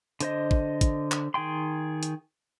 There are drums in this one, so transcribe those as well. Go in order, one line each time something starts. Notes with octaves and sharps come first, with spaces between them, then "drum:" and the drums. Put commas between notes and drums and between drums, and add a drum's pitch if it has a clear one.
D3 C5 D#5, drum: hi-hat
drum: kick
drum: kick, hi-hat
drum: clap
D#3 G#4 G5 C6
drum: hi-hat